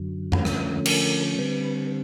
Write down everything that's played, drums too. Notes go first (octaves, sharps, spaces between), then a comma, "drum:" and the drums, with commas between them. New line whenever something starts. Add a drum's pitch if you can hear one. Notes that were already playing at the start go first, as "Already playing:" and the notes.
Already playing: F#2 D3 F#3
D3 F3 A3 C#4, drum: tom F#2
drum: rim click
A#4, drum: cymbal
D3 G3 C4 B4
B4